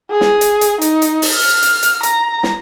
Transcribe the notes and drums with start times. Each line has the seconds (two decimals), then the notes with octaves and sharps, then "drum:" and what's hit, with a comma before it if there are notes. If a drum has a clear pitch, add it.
0.11 G#4
0.21 drum: snare
0.41 drum: hi-hat
0.61 drum: hi-hat
0.81 D#4, drum: hi-hat
1.02 drum: hi-hat
1.22 drum: open hi-hat
1.35 F6
1.62 drum: hi-hat
1.83 drum: hi-hat
2.03 A#5, drum: hi-hat
2.43 drum: snare